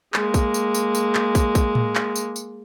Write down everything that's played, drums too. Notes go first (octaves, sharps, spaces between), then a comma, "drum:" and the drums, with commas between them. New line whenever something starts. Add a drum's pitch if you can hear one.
G#3 A#3, drum: clap
drum: kick, tambourine
drum: tambourine
drum: tambourine
drum: tambourine
drum: clap
drum: kick, tambourine
drum: kick, tambourine
drum: tom A2
drum: clap
drum: tambourine
drum: tambourine